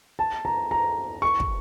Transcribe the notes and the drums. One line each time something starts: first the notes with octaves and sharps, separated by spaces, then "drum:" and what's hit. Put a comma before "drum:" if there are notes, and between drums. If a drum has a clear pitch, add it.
A5
A#5
A#5
C#6
drum: kick